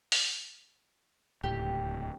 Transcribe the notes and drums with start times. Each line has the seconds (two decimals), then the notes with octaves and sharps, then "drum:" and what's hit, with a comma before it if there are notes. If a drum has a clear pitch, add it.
0.12 drum: open hi-hat
1.44 D1 C#2 A2 G4